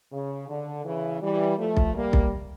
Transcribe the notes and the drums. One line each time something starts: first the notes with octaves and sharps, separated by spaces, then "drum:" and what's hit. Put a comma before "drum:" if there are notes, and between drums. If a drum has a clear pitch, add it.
C#3
D3
C#3 E3
E3 G3
F3 A3
drum: kick B1
G3 A#3
drum: kick B1